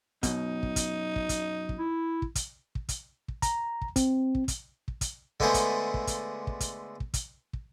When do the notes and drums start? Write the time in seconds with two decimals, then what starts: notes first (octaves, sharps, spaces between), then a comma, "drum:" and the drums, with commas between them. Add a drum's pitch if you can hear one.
0.23 F#2 B2 D#4, drum: kick, hi-hat
0.63 drum: kick
0.76 drum: kick, hi-hat
1.16 drum: kick
1.29 drum: kick, hi-hat
1.69 drum: kick
1.78 E4
2.22 drum: kick
2.35 drum: kick, hi-hat
2.75 drum: kick
2.89 drum: kick, hi-hat
3.28 drum: kick
3.42 A#5, drum: kick, hi-hat
3.82 drum: kick
3.96 C4, drum: kick, hi-hat
4.35 drum: kick
4.48 drum: kick, hi-hat
4.88 drum: kick
5.01 drum: kick, hi-hat
5.40 D3 G#3 A3 B3 G#4 C5, drum: kick
5.54 drum: kick, hi-hat
5.94 drum: kick
6.07 drum: kick, hi-hat
6.47 drum: kick
6.60 drum: kick, hi-hat
7.00 drum: kick
7.14 drum: kick, hi-hat
7.53 drum: kick